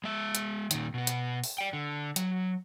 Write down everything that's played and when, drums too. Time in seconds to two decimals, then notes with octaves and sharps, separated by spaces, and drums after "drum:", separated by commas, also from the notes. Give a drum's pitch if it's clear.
0.04 G#3 E5
0.35 drum: hi-hat
0.71 A#2 D#3, drum: hi-hat
0.94 B2 B3
1.07 drum: hi-hat
1.44 drum: open hi-hat
1.58 D5 G5
1.73 D3
2.16 F#3, drum: hi-hat